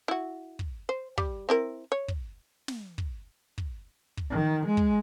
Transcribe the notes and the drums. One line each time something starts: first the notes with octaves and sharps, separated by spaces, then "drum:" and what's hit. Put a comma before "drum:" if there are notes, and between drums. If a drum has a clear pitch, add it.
E4 F#4
drum: kick
C5
G3, drum: kick
C4 E4 A#4
C#5
drum: kick
drum: snare
drum: kick
drum: kick
drum: kick
D#3
G#3
drum: kick